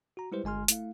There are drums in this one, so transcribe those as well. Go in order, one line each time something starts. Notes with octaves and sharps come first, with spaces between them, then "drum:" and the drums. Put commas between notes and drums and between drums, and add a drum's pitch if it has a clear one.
F#4 A#5
G3 G#3 E4 G4 B4 C5
G1 G#3 G#5 C6 F6
A3 E4 F5, drum: hi-hat